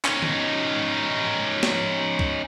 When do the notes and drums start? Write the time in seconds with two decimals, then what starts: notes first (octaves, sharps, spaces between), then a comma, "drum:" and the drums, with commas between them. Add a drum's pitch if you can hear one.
0.05 C#4 D#4, drum: clap
0.22 drum: tom D3
1.63 drum: snare
2.19 drum: kick C2